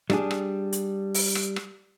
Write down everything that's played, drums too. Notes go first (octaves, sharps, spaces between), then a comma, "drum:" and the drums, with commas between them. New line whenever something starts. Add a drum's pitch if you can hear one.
G3 D4 G#4, drum: rim click
drum: rim click
drum: hi-hat
drum: open hi-hat
drum: rim click
drum: rim click